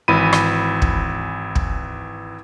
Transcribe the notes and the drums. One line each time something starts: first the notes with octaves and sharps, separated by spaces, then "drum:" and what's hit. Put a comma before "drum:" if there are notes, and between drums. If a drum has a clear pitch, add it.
G#1 E3 B5 D#7
drum: rim click
drum: kick
drum: kick